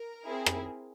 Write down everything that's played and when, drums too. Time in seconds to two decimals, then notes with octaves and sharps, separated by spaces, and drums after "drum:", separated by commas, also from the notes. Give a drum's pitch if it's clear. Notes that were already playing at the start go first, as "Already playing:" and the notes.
Already playing: A#4
0.24 C4 E4 G#4
0.46 drum: rim click